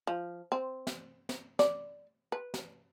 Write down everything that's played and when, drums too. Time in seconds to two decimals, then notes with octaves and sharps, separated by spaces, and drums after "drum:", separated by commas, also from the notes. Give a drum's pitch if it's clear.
0.07 F3
0.52 C4
0.87 drum: snare
1.29 drum: snare
1.59 D5, drum: snare
2.32 B4
2.54 drum: snare